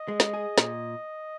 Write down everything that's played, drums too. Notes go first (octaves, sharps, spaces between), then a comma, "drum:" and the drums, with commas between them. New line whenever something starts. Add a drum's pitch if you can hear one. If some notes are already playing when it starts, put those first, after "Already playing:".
Already playing: D#5
G#3
drum: snare
G#4
A#2, drum: snare